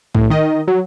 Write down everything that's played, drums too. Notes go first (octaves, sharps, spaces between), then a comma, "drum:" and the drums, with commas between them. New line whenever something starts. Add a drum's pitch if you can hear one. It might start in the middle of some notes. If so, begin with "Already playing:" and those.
A2, drum: kick
D#3 D#5
F#3